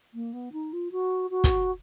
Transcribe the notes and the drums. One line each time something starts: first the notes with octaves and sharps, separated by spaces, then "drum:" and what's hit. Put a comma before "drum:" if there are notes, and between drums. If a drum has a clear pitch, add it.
A#3
B3
D#4
F4
F#4
F#4
drum: kick, hi-hat